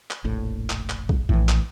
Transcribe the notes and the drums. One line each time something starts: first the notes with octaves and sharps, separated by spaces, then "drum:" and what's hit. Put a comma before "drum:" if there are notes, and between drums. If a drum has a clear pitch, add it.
drum: clap
F1 A#1 A2
drum: clap
drum: clap
drum: kick B1
A#1 A2 E3
drum: clap